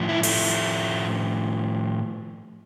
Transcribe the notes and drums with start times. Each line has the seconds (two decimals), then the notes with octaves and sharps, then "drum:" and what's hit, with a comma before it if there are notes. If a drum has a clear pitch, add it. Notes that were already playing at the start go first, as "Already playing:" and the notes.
Already playing: A2 F3
0.09 E4
0.23 A3, drum: open hi-hat